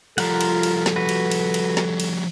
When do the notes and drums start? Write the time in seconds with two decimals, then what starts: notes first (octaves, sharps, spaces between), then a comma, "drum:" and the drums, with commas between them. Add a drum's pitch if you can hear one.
0.18 F3 G3 F4 A4 A#4 F#5, drum: cymbal
0.41 drum: cymbal
0.63 drum: cymbal
0.86 drum: snare
0.96 F#4 B4
1.09 drum: cymbal
1.31 drum: cymbal
1.54 drum: cymbal
1.77 drum: snare
2.00 drum: cymbal